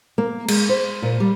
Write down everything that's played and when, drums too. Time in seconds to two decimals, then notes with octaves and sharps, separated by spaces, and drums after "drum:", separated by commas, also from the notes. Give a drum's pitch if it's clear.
0.18 A#3
0.48 G#3, drum: cymbal
0.69 C5
1.02 A#2
1.20 G3